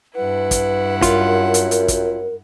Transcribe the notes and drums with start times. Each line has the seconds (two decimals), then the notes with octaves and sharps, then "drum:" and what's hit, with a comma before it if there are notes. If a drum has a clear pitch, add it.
0.15 G2 E4 B4 F#5
0.51 drum: kick, hi-hat
1.02 F#2 F4 A#4, drum: kick, hi-hat
1.54 drum: hi-hat
1.71 drum: hi-hat
1.88 drum: kick, hi-hat